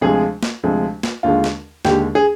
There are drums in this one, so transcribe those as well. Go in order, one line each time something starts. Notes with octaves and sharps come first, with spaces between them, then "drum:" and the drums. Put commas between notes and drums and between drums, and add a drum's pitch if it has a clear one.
D2 C3 F3 G#3 G#4
drum: snare
D2 C3 F3 G#3
drum: snare
D#2 D3 G#3 F4
drum: snare
D#2 D3 G#3 G4, drum: snare
G#4